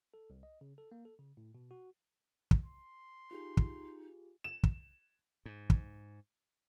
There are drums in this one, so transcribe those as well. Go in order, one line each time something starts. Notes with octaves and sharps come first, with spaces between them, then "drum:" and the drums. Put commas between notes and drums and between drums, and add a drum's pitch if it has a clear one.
A4
C2
D#5
C#3
A4
A#3
A4
C#3
A2
B2
F#4
drum: kick
C6
D#4 F4 G4 G#4
drum: kick
E7
drum: kick
G#2
drum: kick